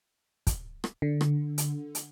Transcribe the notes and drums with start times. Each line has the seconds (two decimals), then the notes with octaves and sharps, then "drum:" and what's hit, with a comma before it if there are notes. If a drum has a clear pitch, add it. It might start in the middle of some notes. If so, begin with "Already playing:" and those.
0.47 drum: kick, hi-hat
0.84 drum: rim click
1.02 D3
1.21 drum: rim click
1.58 drum: hi-hat
1.95 drum: hi-hat